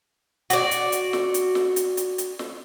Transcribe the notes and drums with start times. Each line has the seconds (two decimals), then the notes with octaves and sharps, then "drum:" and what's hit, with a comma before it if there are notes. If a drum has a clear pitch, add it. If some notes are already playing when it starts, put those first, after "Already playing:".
0.50 F#4 D5, drum: hi-hat
0.71 drum: hi-hat
0.92 drum: hi-hat
1.13 drum: snare
1.34 drum: hi-hat
1.55 drum: snare
1.76 drum: hi-hat
1.97 drum: hi-hat
2.18 drum: hi-hat
2.39 drum: snare